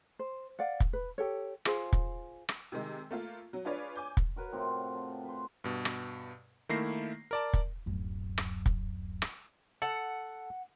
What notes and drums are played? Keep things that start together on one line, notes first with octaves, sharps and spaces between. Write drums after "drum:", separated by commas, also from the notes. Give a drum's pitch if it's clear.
C5
D5 F5 F#5
drum: kick
B4
G4 A4 C#5
F4 G#4 C5, drum: rim click
drum: kick
drum: rim click
C3 D#3 G#3
A3 A#3 F4
F#3
D4 F4 G#4 B4 C#5 D5
G#5 D6 G6
drum: kick
F#4 A#4 B4 C#5
A2 C3 F4 F#4
A5
B4 C5
G2 B2
drum: rim click
D#3 A3 A#3 E4 A#6 C7
A#4 D5 A5
drum: kick
D1 F#2
drum: rim click
drum: kick
drum: rim click
A4 F#5